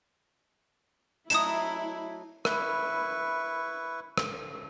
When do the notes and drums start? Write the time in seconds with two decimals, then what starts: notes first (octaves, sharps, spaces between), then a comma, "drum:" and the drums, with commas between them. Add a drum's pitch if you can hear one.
1.30 F#3 A3 D#4 E4 D#6 E7, drum: hi-hat
2.45 E4 B4 C#6, drum: rim click
4.18 drum: rim click